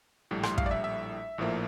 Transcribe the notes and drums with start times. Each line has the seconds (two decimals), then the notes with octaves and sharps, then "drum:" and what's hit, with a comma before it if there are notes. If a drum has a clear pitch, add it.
0.31 A#1 A2 G3
0.43 C6, drum: rim click
0.58 F5, drum: kick
0.66 D5
0.71 E5
0.84 E5
1.38 A#1 A2 F3 A#3